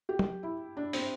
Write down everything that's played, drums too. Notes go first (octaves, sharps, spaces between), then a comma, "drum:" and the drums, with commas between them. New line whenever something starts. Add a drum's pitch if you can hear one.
G4
drum: tom F#3
E4
D4
C4, drum: open hi-hat